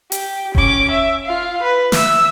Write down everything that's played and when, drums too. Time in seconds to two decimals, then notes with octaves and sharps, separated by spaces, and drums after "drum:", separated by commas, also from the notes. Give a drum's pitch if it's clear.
0.12 G4, drum: hi-hat
0.55 C#4 D6, drum: kick F1
0.92 E5
1.26 F4 F5
1.63 B4
1.92 E5 E6, drum: snare